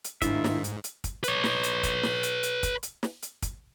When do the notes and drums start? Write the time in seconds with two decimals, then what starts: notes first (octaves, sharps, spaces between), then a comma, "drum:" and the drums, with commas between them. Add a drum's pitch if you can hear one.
0.05 drum: hi-hat
0.22 G#2 D#3 D4 E4 F4 E5, drum: kick, hi-hat
0.44 drum: snare
0.64 drum: hi-hat
0.84 drum: hi-hat
1.04 drum: kick, hi-hat
1.24 B4 C#5, drum: hi-hat
1.44 drum: snare
1.64 drum: hi-hat
1.83 drum: kick, hi-hat
2.03 drum: snare
2.23 drum: hi-hat
2.43 drum: hi-hat
2.63 drum: kick, hi-hat
2.83 drum: hi-hat
3.03 drum: snare
3.23 drum: hi-hat
3.42 drum: kick, hi-hat